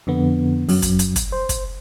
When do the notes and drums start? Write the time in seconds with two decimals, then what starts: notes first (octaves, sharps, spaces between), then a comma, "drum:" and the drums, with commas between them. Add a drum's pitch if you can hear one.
0.07 F2 D3 B3
0.69 F#2 F#3, drum: open hi-hat
0.82 drum: kick, hi-hat
0.99 drum: hi-hat
1.16 drum: kick, hi-hat
1.32 C5
1.49 drum: kick, hi-hat